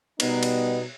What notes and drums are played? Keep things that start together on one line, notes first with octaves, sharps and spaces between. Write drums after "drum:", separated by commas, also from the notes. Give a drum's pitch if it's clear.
B2 G3 B3 D#4, drum: cymbal
drum: cymbal